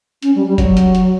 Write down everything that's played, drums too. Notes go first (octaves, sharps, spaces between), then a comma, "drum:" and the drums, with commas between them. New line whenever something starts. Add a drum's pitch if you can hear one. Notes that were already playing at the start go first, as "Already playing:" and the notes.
C#4, drum: hi-hat
G3
G3
F#3, drum: kick F#1, hi-hat
drum: hi-hat
drum: hi-hat